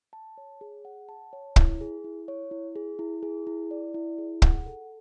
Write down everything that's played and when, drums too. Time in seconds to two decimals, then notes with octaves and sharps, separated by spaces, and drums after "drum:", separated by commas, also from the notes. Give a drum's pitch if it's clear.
0.13 A5
0.38 C#5
0.61 G#4
0.85 F#5
1.09 A5
1.33 C#5
1.56 E4, drum: kick
1.81 G#4
2.04 E4
2.28 C#5
2.51 E4
2.76 G#4
2.99 E4
3.23 G#4
3.47 E4
3.71 D5
3.94 E4
4.18 G#4
4.42 F#5, drum: kick
4.66 A4